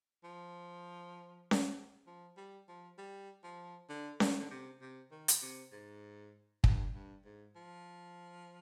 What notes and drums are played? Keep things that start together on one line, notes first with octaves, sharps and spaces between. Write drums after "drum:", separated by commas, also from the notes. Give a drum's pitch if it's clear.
F3
drum: snare C#4
F3
G3
F3
G3
F3
D3
D3, drum: snare C#4
D#3
D3
C3
C3
D#3
drum: hi-hat
C3
G#2
G2, drum: kick
G2
G#2
F3